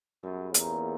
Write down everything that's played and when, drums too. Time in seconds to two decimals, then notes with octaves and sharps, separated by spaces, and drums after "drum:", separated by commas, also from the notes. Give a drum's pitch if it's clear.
0.23 F#2 C#3 G3 B3
0.54 E2 A#2 A#3 C#4 G4, drum: hi-hat